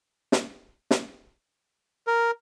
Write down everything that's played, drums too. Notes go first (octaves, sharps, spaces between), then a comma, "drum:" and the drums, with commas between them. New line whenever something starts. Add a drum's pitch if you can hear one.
drum: snare
drum: snare
A#4